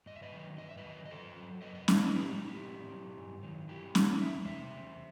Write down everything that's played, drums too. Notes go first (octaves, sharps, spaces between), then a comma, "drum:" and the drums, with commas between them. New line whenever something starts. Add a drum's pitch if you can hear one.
G2 D#5
E5
B4 D#5
D#3 F#3
G2 D#5
E5
B4 D#5
D#3 F#3
D#5
F#2 A4 C5
F#3
F#2 B4 D#5
B4 D#5
F#3 C5 E5, drum: snare
B4 D#5
A2 G4 B4
D#4 F#4
F#3
E4 G4
A2
F#3
G2
D#3 F#3
G2 E4 G4
D#3 F#3, drum: snare
E2 E5
C3 E3 C5 E5
E2